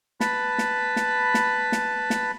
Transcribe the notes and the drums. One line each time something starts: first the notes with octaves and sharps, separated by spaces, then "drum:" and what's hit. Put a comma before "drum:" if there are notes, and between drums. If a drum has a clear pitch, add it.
B4 A5 B5, drum: snare
drum: snare
drum: snare
drum: snare
drum: snare
drum: snare